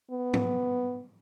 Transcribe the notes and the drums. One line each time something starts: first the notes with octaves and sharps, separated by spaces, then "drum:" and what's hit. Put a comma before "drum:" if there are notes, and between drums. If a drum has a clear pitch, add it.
B3
drum: tom